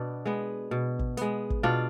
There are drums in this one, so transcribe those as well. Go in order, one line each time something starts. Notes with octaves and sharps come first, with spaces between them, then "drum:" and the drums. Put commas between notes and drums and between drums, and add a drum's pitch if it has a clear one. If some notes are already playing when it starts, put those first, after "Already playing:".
Already playing: B2 B3 D4
G#3 B3
B2
drum: kick
G#3 B3, drum: hi-hat
drum: kick
B2 D4 F4